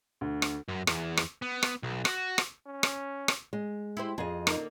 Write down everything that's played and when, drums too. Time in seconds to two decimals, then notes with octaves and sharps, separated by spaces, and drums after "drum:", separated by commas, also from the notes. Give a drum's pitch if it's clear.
0.21 D2
0.42 drum: rim click
0.68 F#2
0.87 E2, drum: rim click
1.17 drum: rim click
1.42 B3
1.63 drum: rim click
1.83 B1
2.05 F#4, drum: rim click
2.38 drum: rim click
2.66 C#4
2.83 drum: rim click
3.28 drum: rim click
3.53 G#3
3.97 E4 G4 C5
4.18 F2 G#4 D#5
4.47 D3 A#3 D#4, drum: rim click